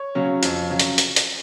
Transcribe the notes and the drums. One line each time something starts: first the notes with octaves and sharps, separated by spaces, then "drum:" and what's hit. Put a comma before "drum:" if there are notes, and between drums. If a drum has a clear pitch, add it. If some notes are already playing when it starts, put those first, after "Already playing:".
Already playing: C#5
C#3 F#3 C#4
F2, drum: hi-hat
C#3 F#3 C#4
drum: hi-hat
drum: hi-hat
drum: hi-hat